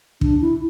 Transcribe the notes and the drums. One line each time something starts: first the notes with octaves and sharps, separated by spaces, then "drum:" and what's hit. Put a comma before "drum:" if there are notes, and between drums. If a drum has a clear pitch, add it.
D4, drum: kick
E4